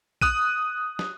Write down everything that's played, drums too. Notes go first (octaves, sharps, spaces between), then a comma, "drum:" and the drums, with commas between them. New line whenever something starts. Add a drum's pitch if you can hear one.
D#6 F#6 D#7, drum: kick A#1
drum: snare